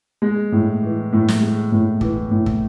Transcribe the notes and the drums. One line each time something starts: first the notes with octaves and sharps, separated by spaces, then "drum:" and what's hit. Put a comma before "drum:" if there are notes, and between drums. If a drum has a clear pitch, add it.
G#3
A2
E3
A2
drum: snare
G#3
A2
E3, drum: kick
A2
drum: kick